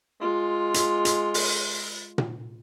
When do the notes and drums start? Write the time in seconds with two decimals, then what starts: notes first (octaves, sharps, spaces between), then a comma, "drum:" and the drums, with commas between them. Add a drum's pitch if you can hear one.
0.20 G#3 F4
0.74 drum: hi-hat
1.05 drum: hi-hat
1.34 drum: open hi-hat
2.18 drum: tom A#2